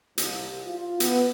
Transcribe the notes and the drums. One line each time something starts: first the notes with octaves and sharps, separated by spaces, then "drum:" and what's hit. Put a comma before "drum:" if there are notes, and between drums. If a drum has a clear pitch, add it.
C2, drum: hi-hat
F4
B3, drum: hi-hat